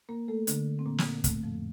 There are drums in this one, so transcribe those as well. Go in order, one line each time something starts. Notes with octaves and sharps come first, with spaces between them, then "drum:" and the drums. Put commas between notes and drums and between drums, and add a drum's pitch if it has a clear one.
A#3 A#4
A3 A4
D3 D4, drum: hi-hat
C4
A#2 A#3
drum: snare
A2 A3, drum: kick, hi-hat
F2 F3